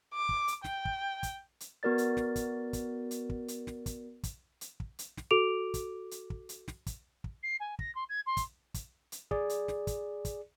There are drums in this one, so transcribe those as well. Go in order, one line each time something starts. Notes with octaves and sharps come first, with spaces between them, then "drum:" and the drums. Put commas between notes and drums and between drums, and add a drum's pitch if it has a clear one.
D6
drum: kick
drum: hi-hat
G5, drum: snare
drum: kick
drum: kick, hi-hat
drum: hi-hat
B3 F#4 A#4 D5 A6
drum: hi-hat
drum: snare
drum: kick, hi-hat
drum: kick, hi-hat
drum: hi-hat
drum: kick
drum: hi-hat
drum: snare
drum: kick, hi-hat
drum: kick, hi-hat
drum: hi-hat
drum: kick
drum: hi-hat
drum: snare
F#4 A4 D6 D7 F7
drum: kick, hi-hat
drum: hi-hat
drum: kick
drum: hi-hat
drum: snare
drum: kick, hi-hat
drum: kick
C7
G#5
A#6, drum: kick
C6
G#6
C6
drum: kick, hi-hat
drum: kick, hi-hat
drum: hi-hat
G#4 D5, drum: kick
drum: hi-hat
drum: snare
drum: kick, hi-hat
drum: kick, hi-hat